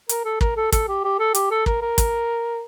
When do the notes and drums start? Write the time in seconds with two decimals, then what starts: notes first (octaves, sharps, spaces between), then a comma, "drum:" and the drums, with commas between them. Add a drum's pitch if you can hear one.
0.09 A#4, drum: hi-hat
0.25 A4
0.41 A#4, drum: kick
0.57 A4
0.72 A4, drum: kick, hi-hat
0.89 G4
1.04 G4
1.20 A4
1.35 G4, drum: hi-hat
1.51 A4
1.66 A#4, drum: kick
1.82 A#4
1.98 drum: kick, hi-hat